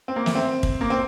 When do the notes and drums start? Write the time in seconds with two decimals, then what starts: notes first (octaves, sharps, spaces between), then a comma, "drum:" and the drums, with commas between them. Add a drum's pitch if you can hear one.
0.08 C4
0.16 A#3
0.26 A3, drum: snare
0.35 C4
0.63 drum: kick
0.81 A#3
0.90 C4